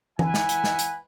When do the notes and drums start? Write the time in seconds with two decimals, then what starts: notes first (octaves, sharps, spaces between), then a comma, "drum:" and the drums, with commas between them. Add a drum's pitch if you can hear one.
0.19 E3 B4 E5 F#5 G#5, drum: tom E3
0.34 drum: snare
0.49 drum: hi-hat
0.64 drum: snare
0.79 drum: hi-hat